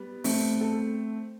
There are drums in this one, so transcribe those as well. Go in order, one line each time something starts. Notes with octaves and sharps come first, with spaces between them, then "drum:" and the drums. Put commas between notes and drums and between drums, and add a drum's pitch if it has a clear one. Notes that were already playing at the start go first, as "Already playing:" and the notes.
Already playing: G3 B3
A3 C4, drum: open hi-hat
A4